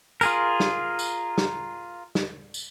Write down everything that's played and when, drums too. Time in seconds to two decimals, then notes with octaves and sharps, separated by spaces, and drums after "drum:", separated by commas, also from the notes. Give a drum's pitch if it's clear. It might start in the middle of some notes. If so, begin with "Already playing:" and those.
0.21 F4 G#4 A#4, drum: tambourine
0.60 drum: snare
0.99 drum: tambourine
1.38 drum: snare
2.15 drum: snare
2.54 drum: tambourine